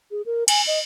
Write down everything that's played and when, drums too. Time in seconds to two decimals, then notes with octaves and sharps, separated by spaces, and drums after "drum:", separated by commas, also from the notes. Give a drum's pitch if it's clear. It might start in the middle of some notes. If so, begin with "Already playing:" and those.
0.11 G#4
0.26 A#4
0.48 G#5, drum: cymbal
0.67 D#5